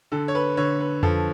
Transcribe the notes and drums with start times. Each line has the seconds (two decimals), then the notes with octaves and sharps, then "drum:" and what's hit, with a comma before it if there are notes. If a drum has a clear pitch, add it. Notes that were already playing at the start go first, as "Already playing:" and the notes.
0.12 D3 A4
0.28 C#5
0.35 B4
0.57 D3 C#5
0.80 B4
1.03 F3 A4, drum: tom F2